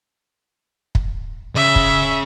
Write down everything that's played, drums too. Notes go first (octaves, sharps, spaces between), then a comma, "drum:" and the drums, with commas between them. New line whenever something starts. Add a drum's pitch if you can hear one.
drum: kick
C#3 E5
drum: kick